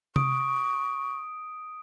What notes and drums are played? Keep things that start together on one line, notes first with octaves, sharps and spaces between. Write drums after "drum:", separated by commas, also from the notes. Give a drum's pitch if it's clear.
C#6 D#6 D7, drum: tom C3